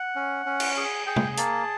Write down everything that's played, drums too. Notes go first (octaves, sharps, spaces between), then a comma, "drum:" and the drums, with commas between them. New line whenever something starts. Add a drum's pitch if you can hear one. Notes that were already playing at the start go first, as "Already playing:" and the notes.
Already playing: F#5
C#4
C#4
drum: cymbal
G#4
G#4 G5
drum: tom C3
A#3 A5, drum: hi-hat